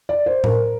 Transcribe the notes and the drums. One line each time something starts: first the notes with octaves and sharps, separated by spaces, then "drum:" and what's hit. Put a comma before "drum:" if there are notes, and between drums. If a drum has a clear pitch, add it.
D5
C5
A#4, drum: tom A2